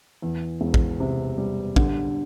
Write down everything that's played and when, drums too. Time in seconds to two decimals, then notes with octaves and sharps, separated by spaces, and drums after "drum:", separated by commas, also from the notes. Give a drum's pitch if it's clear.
0.22 E2
0.61 E1
0.74 drum: kick
1.00 C3
1.38 G3
1.76 D3, drum: kick